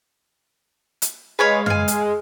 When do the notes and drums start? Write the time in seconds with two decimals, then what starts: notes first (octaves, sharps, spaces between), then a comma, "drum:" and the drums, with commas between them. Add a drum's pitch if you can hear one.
1.02 drum: hi-hat
1.39 G#3 B4 C#5 F5
1.66 F5 G#5, drum: tom F#2
1.88 drum: hi-hat